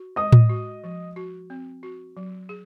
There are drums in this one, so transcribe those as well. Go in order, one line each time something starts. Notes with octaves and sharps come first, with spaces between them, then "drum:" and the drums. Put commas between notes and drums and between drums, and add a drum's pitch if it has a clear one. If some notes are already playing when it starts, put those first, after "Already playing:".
Already playing: F#4
G#3 D#5 D#6
drum: tom A2
F#4
F3
F#4
C4
F#4
F#3
G#4